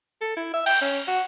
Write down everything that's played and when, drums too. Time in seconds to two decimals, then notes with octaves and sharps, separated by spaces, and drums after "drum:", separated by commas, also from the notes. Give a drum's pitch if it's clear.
0.21 A4
0.36 E4
0.54 E5
0.66 G5, drum: cymbal
0.82 C#4
1.07 F#4